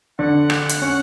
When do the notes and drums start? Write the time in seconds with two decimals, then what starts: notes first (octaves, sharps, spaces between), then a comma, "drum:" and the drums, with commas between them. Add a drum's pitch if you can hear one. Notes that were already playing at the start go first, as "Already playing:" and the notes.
0.19 D3 F#5
0.50 drum: rim click
0.69 drum: hi-hat
0.82 C#4